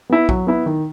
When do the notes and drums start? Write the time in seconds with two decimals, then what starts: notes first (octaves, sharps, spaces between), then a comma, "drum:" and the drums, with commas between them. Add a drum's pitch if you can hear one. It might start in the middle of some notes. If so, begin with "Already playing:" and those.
0.10 B3 E4
0.29 F#3, drum: kick
0.47 B3 E4
0.66 D#3